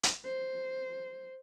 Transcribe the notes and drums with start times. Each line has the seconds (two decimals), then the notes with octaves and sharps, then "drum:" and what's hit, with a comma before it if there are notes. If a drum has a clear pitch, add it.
0.03 drum: hi-hat
0.25 C5